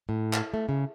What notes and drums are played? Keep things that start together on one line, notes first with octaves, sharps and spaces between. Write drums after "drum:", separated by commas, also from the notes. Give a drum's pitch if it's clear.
A2
drum: clap
A3
C#3